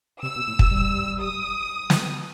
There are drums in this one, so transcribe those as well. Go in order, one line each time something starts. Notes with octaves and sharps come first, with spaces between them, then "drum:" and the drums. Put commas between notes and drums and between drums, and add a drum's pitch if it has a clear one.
C3 E6
B2
A2
B2, drum: kick
G3
D#6
drum: snare